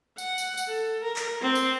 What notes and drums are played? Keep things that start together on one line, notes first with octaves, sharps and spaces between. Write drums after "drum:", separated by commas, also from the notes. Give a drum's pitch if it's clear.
F#5, drum: tambourine
drum: tambourine
drum: tambourine
A4
A#4
drum: clap
C4
drum: tambourine